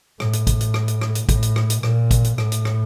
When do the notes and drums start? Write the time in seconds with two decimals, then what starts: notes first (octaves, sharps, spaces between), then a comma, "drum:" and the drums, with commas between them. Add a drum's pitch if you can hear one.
0.20 A2, drum: rim click
0.33 drum: hi-hat
0.47 drum: kick G#1, hi-hat
0.61 drum: hi-hat
0.74 drum: rim click
0.88 drum: hi-hat
1.01 drum: rim click
1.15 drum: hi-hat
1.29 A2, drum: kick G#1, hi-hat
1.42 drum: hi-hat
1.56 drum: rim click
1.70 drum: hi-hat
1.83 A#2, drum: rim click
2.11 drum: kick G#1, hi-hat
2.24 drum: hi-hat
2.38 A2, drum: rim click
2.52 drum: hi-hat
2.65 drum: rim click